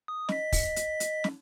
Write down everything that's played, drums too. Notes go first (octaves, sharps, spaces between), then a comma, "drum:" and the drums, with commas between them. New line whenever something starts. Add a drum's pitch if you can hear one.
D#6
D#5 B6, drum: snare
drum: kick, open hi-hat
drum: hi-hat
drum: hi-hat
drum: snare